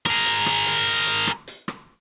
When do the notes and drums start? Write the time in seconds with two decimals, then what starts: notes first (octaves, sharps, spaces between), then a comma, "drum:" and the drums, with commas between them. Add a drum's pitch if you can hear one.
0.06 G#4 A#4, drum: rim click
0.26 drum: hi-hat
0.46 drum: rim click
0.67 drum: hi-hat
1.07 drum: hi-hat
1.27 drum: rim click
1.48 drum: hi-hat
1.68 drum: rim click